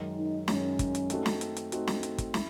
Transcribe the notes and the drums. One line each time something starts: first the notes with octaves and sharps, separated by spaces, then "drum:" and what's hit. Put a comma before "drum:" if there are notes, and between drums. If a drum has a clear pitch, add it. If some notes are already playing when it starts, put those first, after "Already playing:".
Already playing: F#2 D#3 G#3
D#4
F#2 D#3 G#3 C#4, drum: snare
drum: kick, hi-hat
drum: hi-hat
A3 C4 D#4 F#4 A4, drum: hi-hat
drum: snare
drum: hi-hat
drum: hi-hat
A3 C4 D#4 F#4 A4, drum: hi-hat
drum: snare
drum: hi-hat
drum: kick, hi-hat
E4, drum: snare